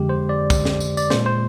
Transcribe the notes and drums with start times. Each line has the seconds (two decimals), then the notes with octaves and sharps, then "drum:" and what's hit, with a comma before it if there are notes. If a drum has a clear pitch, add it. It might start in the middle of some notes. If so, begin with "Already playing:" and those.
Already playing: F2 D3 G#3 G4
0.09 C5
0.29 D5
0.50 drum: kick, tambourine
0.65 drum: snare
0.81 drum: tambourine
0.97 D5, drum: tambourine
1.10 A#2 G#3 C5, drum: snare
1.26 C5